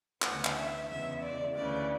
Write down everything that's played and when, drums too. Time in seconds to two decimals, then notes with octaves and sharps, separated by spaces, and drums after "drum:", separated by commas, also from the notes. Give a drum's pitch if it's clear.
0.22 D2 C#3 E3 B3 F#5, drum: clap
0.45 drum: clap
0.55 E5
0.89 E2 C#3 G#3 B3 E5
1.22 D5
1.56 D2 C#3 E3 D5